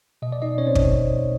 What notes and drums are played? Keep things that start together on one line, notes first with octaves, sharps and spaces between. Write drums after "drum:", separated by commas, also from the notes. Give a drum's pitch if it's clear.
B2 D#5
D5
B2 D#4 D#5
B2 C#4 C#5
C4 C5
B2, drum: kick